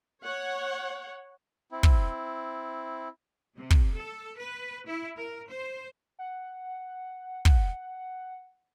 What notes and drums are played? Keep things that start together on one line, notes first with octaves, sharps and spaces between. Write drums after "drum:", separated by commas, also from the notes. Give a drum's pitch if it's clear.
C#5 F#5
C4 E4
drum: kick
C3
drum: kick
A4
B4
E4
A#4
C5
F#5
F#5, drum: kick